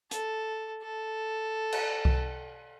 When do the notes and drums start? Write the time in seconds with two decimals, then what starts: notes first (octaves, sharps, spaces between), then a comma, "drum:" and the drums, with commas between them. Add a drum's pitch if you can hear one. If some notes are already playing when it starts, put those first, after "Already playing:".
0.11 A4, drum: hi-hat
0.82 A4
1.73 drum: cymbal
2.05 drum: kick C2